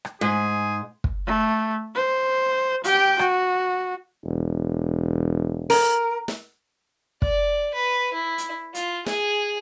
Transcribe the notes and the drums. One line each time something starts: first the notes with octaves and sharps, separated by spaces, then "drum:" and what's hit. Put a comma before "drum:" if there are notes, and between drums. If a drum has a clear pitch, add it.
drum: rim click
G#2 G#4
drum: kick
A3
C5
G4 G5, drum: hi-hat
F#4, drum: rim click
E1
A#4, drum: open hi-hat
drum: snare
D5, drum: kick
B4
E4
drum: hi-hat
F4, drum: hi-hat
G#4, drum: snare